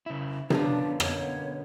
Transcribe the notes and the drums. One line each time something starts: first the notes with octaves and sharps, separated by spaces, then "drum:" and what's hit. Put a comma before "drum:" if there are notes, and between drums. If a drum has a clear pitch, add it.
C#3 E4
F#2 D3 F3 B3 D4 A#5, drum: tom C3
B2 A#3 C#5, drum: rim click